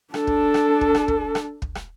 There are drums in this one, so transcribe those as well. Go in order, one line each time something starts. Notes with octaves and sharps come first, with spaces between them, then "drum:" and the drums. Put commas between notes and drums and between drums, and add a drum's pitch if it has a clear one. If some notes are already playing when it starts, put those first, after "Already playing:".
D4 A4, drum: rim click
drum: kick
drum: rim click
drum: kick
drum: rim click
drum: kick
drum: rim click
drum: kick
drum: rim click